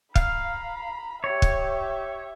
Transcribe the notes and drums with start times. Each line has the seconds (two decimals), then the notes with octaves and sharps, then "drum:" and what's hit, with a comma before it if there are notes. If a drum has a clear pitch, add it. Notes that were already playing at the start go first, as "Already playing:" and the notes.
0.16 F5 A#5 B5, drum: kick
1.24 G4 C#5 E5
1.42 drum: kick